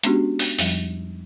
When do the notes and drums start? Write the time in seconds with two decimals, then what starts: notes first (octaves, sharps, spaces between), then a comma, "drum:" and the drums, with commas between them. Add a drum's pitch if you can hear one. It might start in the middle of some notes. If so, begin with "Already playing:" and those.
0.04 G#3 B3 C#4 D4 F#4 G4, drum: hi-hat
0.39 drum: open hi-hat
0.59 F2 F3 G3, drum: open hi-hat